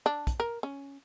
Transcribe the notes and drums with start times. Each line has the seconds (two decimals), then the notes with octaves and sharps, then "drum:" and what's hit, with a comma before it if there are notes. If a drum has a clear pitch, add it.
0.06 D4
0.27 drum: kick, hi-hat
0.40 A#4
0.63 C#4